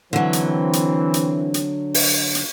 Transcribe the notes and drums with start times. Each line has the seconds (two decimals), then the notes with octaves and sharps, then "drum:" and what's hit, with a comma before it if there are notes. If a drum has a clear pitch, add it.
0.13 D3 E3 F#3 C4
0.33 drum: hi-hat
0.73 drum: hi-hat
1.14 drum: hi-hat
1.54 drum: hi-hat
1.94 drum: open hi-hat
2.35 drum: hi-hat